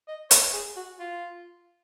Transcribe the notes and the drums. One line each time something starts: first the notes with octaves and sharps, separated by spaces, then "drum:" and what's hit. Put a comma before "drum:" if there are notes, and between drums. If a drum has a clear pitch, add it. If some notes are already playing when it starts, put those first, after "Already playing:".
D#5
C#5, drum: hi-hat
G#4
F#4
F4